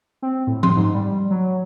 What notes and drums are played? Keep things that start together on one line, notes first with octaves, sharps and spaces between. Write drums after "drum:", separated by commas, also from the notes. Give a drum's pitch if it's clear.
C4
A2
C6, drum: tom F3
G#2
G3
F#3